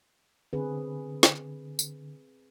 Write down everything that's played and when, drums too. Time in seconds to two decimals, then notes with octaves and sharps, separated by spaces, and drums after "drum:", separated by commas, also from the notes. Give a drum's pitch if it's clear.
0.53 D3 C4 G#4 B4
1.23 drum: snare
1.79 drum: tambourine